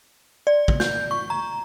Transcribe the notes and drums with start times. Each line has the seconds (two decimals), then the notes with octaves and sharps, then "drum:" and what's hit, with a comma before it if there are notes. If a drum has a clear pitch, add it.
0.47 D5
0.68 drum: kick
0.80 G6, drum: snare
1.11 C#6
1.30 A#5